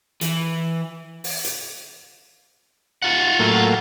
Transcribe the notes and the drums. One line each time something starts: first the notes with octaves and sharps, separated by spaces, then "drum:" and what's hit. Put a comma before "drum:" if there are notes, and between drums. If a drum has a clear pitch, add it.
E3, drum: hi-hat
drum: open hi-hat
drum: hi-hat
F4 F#5
A2 F#3 A#3